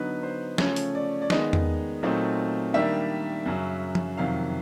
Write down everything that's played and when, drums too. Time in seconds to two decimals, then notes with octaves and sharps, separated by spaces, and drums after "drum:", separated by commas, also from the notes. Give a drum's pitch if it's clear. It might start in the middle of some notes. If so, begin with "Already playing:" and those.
Already playing: D3 F#3 B3 D#4 B4
0.23 C5
0.58 C#3 F3 A3 C#4 C#5, drum: snare
0.76 drum: open hi-hat
0.95 D5
1.22 D5
1.30 D#3 G#3 B3 D#4 D#5, drum: snare
1.53 drum: tom E2
2.03 A#2 F#3 A3 C4 D#4
2.74 D#3 G3 A#3 D4 E5
3.46 F#2 C#3 F#3
3.95 drum: tom F3
4.17 F2 C3 D#3 F#3 F5